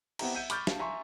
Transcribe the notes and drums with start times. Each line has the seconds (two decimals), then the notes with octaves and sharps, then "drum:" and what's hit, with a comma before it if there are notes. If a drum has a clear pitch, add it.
0.19 B3 C4 E4 G4 E5 A#5, drum: cymbal
0.35 E5 F#5 G6 D#7
0.50 B5 C#6 D6 F6 G6 A6, drum: hi-hat
0.67 F5 A5, drum: snare
0.79 E5 G#5 A#5 C6 C#6